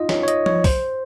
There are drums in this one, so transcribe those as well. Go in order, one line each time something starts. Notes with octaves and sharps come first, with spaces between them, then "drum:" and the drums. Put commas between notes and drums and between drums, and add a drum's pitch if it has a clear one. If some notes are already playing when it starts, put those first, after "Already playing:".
Already playing: D#4 F4 D#5
C#5, drum: snare
C#5
D#5, drum: hi-hat
C#5, drum: tom F3
C5, drum: kick B1, open hi-hat